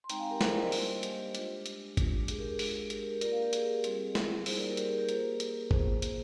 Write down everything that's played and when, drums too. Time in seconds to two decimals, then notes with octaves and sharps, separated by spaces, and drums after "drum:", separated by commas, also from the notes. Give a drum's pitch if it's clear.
0.04 C6
0.10 G#3 C4 D#4 G5 A#5, drum: hi-hat
0.20 F5 G#5
0.30 G4 A#4
0.41 G#4 C5, drum: snare
0.51 A#4 D5
0.62 C5 D#5
0.72 G3 A#3 D4 F4, drum: open hi-hat
1.03 G4, drum: hi-hat
1.35 G#3 D4 F4, drum: hi-hat
1.66 drum: hi-hat
1.97 G#3 D4 F4, drum: kick, hi-hat
2.28 G#4, drum: hi-hat
2.39 G4 A#4
2.49 G#4
2.59 G#3 D4 F4, drum: open hi-hat
2.90 G4 A#4, drum: hi-hat
3.11 G4 A#4
3.21 A#3 F4 A#4 D5, drum: hi-hat
3.31 D5 F5
3.42 G4 A#4
3.53 G#4, drum: hi-hat
3.63 G#4
3.73 G4
3.84 G3 C4 F4 G#4, drum: hi-hat
4.15 drum: snare
4.46 G3 A#3 D#4 G#4 C5, drum: open hi-hat
4.57 A#4 D5
4.67 G4 A#4
4.77 G4 A#4, drum: hi-hat
4.88 G#4 C5
4.98 G4 A#4
5.09 A#3 F4 G#4, drum: hi-hat
5.40 drum: hi-hat
5.71 A#3 F4 G#4 C5, drum: kick
6.02 drum: hi-hat